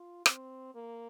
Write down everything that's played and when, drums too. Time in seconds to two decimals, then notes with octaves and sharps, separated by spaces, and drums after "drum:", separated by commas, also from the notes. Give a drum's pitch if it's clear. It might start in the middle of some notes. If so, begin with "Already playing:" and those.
Already playing: F4
0.26 C4, drum: rim click
0.75 A#3